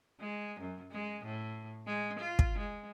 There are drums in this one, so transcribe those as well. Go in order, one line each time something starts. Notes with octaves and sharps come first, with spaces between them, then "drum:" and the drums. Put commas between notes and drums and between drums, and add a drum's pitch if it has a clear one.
G#3
F#2
G#3
A2
G#3
F4
drum: kick
G#3